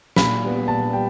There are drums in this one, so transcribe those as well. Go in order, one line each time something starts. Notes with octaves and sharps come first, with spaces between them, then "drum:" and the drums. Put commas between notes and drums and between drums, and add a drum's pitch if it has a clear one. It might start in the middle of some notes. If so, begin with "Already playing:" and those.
A#2 B5, drum: snare
G3 B3
A#2 A5
G3 G5